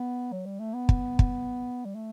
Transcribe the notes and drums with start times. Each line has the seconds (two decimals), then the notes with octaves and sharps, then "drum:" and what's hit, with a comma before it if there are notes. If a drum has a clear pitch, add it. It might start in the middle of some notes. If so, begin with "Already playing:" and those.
Already playing: B3
0.32 F#3
0.46 G3
0.60 A3
0.74 B3
0.89 drum: kick
1.19 drum: kick
1.85 G3
1.95 A3